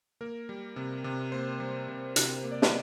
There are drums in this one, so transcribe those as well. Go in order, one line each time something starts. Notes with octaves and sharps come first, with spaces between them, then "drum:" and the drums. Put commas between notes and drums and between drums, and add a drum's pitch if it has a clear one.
A#3 A#4
G3
C3
C3
A#3 C5
G3
C3
C3, drum: hi-hat
A#3
D5
D#5, drum: snare